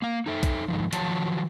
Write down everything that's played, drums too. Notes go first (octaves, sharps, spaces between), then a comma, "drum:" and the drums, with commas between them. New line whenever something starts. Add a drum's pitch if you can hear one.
A#3 F5
D#4 A4 E5
drum: kick A#1, hi-hat
G#2 D#3 F3
D#3 F3 F#3 C#5 F#5 A5, drum: hi-hat